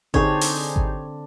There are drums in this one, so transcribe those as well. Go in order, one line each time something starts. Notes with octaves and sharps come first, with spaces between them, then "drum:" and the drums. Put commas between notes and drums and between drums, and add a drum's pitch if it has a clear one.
D3 C4 D4 D#4 G4 G#4 C#5, drum: kick G#1
drum: open hi-hat
drum: kick G#1